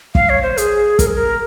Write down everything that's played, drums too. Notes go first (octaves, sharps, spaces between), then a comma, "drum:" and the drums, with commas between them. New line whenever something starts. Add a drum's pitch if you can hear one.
F5, drum: kick
C#5
C5
G#4, drum: hi-hat
A#4, drum: kick, hi-hat
G#4
A#4